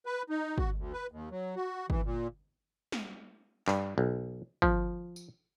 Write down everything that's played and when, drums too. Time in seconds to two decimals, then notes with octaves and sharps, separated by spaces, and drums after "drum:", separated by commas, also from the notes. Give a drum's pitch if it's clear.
0.06 B4
0.30 D#4
0.58 F#4, drum: kick
0.77 D2
0.93 B4
1.11 D#2
1.31 F#3
1.56 F#4
1.90 E3, drum: kick
2.05 A#2
2.92 drum: snare
3.68 G2, drum: clap
3.98 B1
4.62 F3, drum: kick
5.16 drum: tambourine